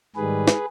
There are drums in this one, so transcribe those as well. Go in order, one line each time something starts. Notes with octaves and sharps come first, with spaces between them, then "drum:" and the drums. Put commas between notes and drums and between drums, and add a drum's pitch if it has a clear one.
G#2 D#3 G3 G#4 B4
drum: snare